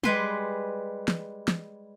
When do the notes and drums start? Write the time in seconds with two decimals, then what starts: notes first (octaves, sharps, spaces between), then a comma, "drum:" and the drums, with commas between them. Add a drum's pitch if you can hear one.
0.03 G3 G#3 B4 C6, drum: tom
1.08 drum: snare
1.48 drum: snare